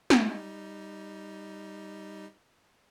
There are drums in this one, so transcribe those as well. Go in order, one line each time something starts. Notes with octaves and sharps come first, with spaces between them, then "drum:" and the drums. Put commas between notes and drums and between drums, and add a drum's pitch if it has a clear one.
G3 D#4, drum: snare